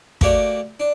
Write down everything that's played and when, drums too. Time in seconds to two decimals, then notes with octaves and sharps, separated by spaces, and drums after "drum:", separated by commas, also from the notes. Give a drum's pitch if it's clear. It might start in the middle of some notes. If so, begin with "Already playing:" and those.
0.21 A3 A#3 F#4 G4 D5, drum: kick
0.80 D4